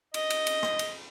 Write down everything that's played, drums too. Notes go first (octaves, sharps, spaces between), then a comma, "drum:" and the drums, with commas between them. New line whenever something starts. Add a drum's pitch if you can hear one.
D#5, drum: cymbal
drum: cymbal
drum: cymbal
drum: rim click
drum: cymbal